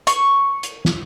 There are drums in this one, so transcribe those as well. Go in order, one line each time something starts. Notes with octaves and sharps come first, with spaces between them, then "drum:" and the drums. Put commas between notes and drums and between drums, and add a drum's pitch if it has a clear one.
C#6, drum: hi-hat
drum: hi-hat
drum: snare